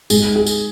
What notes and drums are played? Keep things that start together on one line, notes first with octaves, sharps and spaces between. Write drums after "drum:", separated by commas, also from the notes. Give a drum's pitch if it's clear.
G#2 G#3 G#4, drum: tambourine
G#4
drum: tambourine